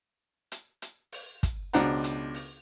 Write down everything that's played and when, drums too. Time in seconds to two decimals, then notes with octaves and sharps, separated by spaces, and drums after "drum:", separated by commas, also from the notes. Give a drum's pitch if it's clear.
0.52 drum: hi-hat
0.82 drum: hi-hat
1.13 drum: open hi-hat
1.43 drum: kick, hi-hat
1.73 C#2 B2 D4 C5 F#5 A#5, drum: hi-hat
2.04 drum: hi-hat
2.34 drum: open hi-hat